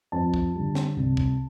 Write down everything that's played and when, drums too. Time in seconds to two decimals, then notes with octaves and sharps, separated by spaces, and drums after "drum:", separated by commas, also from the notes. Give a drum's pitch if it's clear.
0.12 F2 A5
0.34 drum: kick
0.55 D3 G3
0.75 drum: snare
0.96 C2
1.17 drum: kick